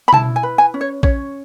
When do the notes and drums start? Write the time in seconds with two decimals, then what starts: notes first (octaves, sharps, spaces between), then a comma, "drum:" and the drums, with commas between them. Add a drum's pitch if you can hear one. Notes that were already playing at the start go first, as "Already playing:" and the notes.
0.08 B5
0.13 E4 A5, drum: tom B2
0.36 G#5
0.43 B4
0.58 G#5
0.74 C#4
0.81 C#5
1.03 C#4 C#5, drum: kick